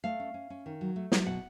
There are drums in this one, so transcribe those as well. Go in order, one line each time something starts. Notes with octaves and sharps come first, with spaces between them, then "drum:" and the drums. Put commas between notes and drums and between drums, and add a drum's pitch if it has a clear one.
A3 F5
C#4
C#4
C#4
D#3
F#3
A3
F#3, drum: snare
B2 F#5